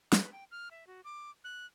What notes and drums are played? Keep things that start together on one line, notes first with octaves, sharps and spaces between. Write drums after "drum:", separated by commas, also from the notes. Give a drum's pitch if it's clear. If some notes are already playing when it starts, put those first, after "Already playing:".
B4, drum: snare
G5
F6
E5
F#4
D6
F#6